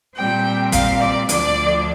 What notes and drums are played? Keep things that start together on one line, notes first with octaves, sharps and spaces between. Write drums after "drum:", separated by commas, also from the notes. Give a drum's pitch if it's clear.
A#2 G3 C4 G5
F5, drum: kick, hi-hat
D5
D2 D3 F3 D4 D5, drum: hi-hat